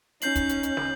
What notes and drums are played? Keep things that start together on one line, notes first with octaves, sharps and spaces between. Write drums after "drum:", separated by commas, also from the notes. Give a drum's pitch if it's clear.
C#4 D#4 G6 C7 F#7, drum: hi-hat
drum: kick, hi-hat
drum: hi-hat
drum: hi-hat
drum: snare